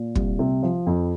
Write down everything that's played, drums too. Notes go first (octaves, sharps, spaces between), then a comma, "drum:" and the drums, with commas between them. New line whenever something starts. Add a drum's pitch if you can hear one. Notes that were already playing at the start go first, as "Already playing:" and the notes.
Already playing: A#2
C2, drum: kick
C3
F3
F2